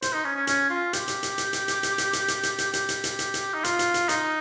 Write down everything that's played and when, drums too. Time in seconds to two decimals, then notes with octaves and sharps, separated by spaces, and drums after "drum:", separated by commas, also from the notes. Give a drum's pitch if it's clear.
0.02 C5, drum: hi-hat
0.13 D#4
0.25 C#4
0.36 C#4
0.47 C#4, drum: hi-hat
0.70 F4
0.93 G4, drum: hi-hat
1.08 drum: hi-hat
1.23 drum: hi-hat
1.38 drum: hi-hat
1.53 drum: hi-hat
1.68 drum: hi-hat
1.83 drum: hi-hat
1.98 drum: hi-hat
2.13 drum: hi-hat
2.28 drum: hi-hat
2.43 drum: hi-hat
2.58 drum: hi-hat
2.73 G4, drum: hi-hat
2.89 drum: hi-hat
3.04 drum: hi-hat
3.19 drum: hi-hat
3.34 drum: hi-hat
3.54 D#4
3.64 F4, drum: hi-hat
3.79 drum: hi-hat
3.94 drum: hi-hat
4.09 D#4, drum: hi-hat